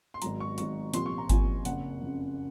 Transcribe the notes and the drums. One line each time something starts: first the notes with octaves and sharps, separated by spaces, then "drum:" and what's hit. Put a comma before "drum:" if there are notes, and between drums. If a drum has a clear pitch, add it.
C6
G#1 G#2 F#3 A#5, drum: hi-hat
C#6
G#1 G#2 F#3 C#6, drum: hi-hat
C2 A#2 F3 C6, drum: hi-hat
C#6
A#5
C2 A#2 F3 G#5, drum: kick G1, hi-hat
F#1 F2 C#3 F#5, drum: hi-hat
F#1 F2 C#3